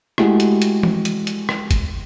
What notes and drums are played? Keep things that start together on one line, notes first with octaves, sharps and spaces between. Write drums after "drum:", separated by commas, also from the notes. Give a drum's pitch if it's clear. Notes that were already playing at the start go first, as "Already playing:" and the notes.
G#3 A3 E4 F#4 G4, drum: rim click
drum: hi-hat
drum: hi-hat
drum: tom
drum: hi-hat
drum: hi-hat
drum: rim click
drum: kick F#1, hi-hat